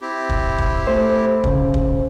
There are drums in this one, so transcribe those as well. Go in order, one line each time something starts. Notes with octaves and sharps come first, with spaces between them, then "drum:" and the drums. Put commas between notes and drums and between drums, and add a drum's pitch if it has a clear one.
C4 E4 G4
drum: kick
drum: kick
A3 C5
C#3, drum: kick
drum: kick